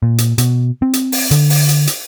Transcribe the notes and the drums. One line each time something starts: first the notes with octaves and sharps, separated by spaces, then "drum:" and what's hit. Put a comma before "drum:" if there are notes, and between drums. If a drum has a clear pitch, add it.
A#2
drum: hi-hat
B2, drum: hi-hat
C4
drum: hi-hat
drum: open hi-hat
D3, drum: hi-hat
drum: open hi-hat
drum: hi-hat
drum: hi-hat